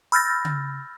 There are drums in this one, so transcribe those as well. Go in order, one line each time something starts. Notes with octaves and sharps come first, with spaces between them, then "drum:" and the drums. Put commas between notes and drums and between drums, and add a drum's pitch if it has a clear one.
B5 E6 F6 G6 A6 A#6
drum: tom C#3